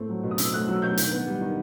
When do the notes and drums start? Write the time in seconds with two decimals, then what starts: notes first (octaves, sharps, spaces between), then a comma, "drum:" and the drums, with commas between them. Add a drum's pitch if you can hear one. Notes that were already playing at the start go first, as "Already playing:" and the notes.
Already playing: A2 A3 C4
0.10 F#3
0.23 B2
0.31 D#6
0.38 C4 E6, drum: hi-hat
0.53 A3 F#6
0.67 F#3 E6
0.82 B2 G6
0.97 D#3 G6, drum: hi-hat
1.11 B3
1.26 G3
1.41 D#3